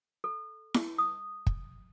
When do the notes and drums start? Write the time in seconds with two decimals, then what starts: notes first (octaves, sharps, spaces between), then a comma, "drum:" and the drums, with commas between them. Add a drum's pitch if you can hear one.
0.24 A4
0.74 drum: snare E4
0.98 D#6
1.46 drum: kick